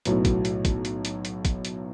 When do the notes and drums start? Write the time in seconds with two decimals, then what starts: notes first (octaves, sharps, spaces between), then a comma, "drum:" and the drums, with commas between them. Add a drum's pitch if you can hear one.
0.05 B1 A2 F#3 B3, drum: hi-hat
0.25 drum: kick, hi-hat
0.45 drum: hi-hat
0.65 drum: kick, hi-hat
0.85 drum: hi-hat
1.05 drum: hi-hat
1.25 drum: hi-hat
1.45 drum: kick, hi-hat
1.65 drum: hi-hat